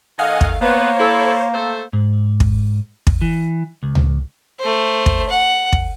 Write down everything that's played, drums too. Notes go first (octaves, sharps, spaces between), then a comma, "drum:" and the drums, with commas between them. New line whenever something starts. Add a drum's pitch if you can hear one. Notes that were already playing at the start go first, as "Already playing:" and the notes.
D#3 A3 D#5 F5 F#5 G#5
drum: kick
A#3 B3 C5 C#5
E4 A4
A3 A4 C5
G#2
drum: kick
drum: kick
E3
C#2
drum: tom C#2
A3 C5
drum: kick
F#5
drum: kick